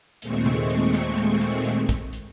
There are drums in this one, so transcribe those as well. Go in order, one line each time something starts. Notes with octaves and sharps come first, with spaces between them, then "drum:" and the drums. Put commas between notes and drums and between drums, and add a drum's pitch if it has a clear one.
D#2 A#2 G#3 A3 C4 C#6, drum: hi-hat
drum: tom C3
drum: hi-hat
drum: hi-hat
drum: hi-hat
drum: hi-hat
drum: hi-hat
drum: kick, hi-hat
drum: hi-hat